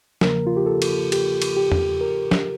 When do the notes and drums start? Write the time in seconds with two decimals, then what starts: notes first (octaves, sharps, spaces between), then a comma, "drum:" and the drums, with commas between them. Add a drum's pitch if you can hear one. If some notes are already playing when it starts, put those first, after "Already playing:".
0.21 E2 C#3 F3 A#3 A#4, drum: snare
0.47 F4
0.56 G4
0.66 A4
0.82 drum: cymbal
1.12 G4, drum: cymbal
1.42 drum: cymbal
1.57 G4
1.72 drum: tom
2.01 A#4
2.31 drum: snare